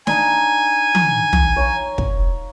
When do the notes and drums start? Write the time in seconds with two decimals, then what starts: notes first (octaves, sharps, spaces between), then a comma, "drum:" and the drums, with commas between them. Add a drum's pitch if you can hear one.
0.07 D4 D#4 F5 G#5, drum: snare
0.95 drum: tom E3
1.33 drum: tom
1.56 C#5 F5 A#5
1.98 drum: kick